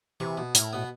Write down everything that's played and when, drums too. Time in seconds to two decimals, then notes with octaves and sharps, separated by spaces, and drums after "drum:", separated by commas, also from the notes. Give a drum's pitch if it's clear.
0.20 C3 E3 C#6
0.37 B2
0.55 A2 E4 A#4, drum: hi-hat
0.73 B2 B3